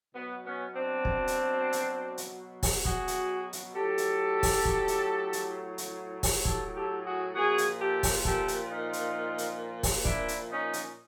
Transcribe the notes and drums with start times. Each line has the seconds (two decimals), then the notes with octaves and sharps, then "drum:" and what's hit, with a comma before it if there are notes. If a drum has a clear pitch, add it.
0.15 B2 F#3 B3
0.45 B3 C#4
0.75 C4 D4
1.05 drum: kick
1.27 drum: hi-hat
1.73 drum: hi-hat
2.18 drum: hi-hat
2.63 drum: kick, open hi-hat
2.85 F#4 G#4, drum: kick
3.08 drum: hi-hat
3.53 drum: hi-hat
3.75 A2 F#3 G4 A4
3.98 drum: hi-hat
4.43 drum: kick, open hi-hat
4.65 drum: kick
4.88 drum: hi-hat
5.33 drum: hi-hat
5.78 drum: hi-hat
6.23 drum: kick, open hi-hat
6.45 G4 A4, drum: kick
6.76 G4 A4
7.05 F#4 G#4
7.35 A#2 F3 F#4 G#4
7.58 drum: hi-hat
7.80 G4 A4
8.03 drum: kick, open hi-hat
8.25 G4 A4, drum: kick
8.48 drum: hi-hat
8.71 D#4 F4
8.93 drum: hi-hat
9.38 drum: hi-hat
9.83 drum: kick, open hi-hat
10.05 D4 E4, drum: kick
10.28 drum: hi-hat
10.51 C#4 D#4
10.73 drum: hi-hat